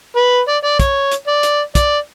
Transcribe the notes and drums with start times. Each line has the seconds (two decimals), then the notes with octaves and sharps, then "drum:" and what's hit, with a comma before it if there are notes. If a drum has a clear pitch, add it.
0.16 B4
0.48 D5
0.64 D5
0.79 C#5, drum: kick, hi-hat
1.12 drum: hi-hat
1.27 D5
1.43 drum: hi-hat
1.75 D5, drum: kick, hi-hat